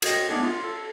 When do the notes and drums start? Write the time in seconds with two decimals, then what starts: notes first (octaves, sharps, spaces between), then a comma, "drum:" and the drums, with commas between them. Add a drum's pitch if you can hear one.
0.02 F#4 G#4 C5 D#5 G5, drum: cymbal
0.28 A3 B3 D4 D#4 G#4
0.43 F4
0.63 A4